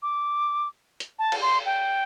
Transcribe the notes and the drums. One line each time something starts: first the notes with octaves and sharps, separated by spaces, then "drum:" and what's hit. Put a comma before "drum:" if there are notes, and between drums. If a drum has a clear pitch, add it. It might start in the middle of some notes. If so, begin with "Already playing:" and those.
D6
drum: hi-hat
A5
drum: cymbal
C6
G5